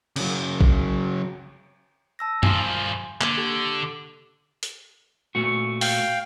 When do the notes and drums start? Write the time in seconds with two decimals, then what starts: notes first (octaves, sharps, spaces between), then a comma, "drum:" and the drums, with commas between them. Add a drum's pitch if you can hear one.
0.16 C#3 F#3, drum: cymbal
0.61 drum: kick A#1
2.19 A5 E6 A#6
2.43 G2 F3 G#5 C6, drum: tom F#2
3.21 D3 A#3 G#6 B6, drum: clap
3.37 G4 A4
4.63 drum: hi-hat
5.35 A#2 A3 F#4
5.81 F5 G5, drum: open hi-hat